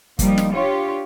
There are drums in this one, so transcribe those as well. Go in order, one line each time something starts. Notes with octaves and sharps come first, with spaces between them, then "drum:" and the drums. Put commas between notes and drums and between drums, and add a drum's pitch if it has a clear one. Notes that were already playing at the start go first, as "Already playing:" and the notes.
F3 G3 A#3 D#4, drum: kick, hi-hat
drum: snare
D4 F4 G4 C#5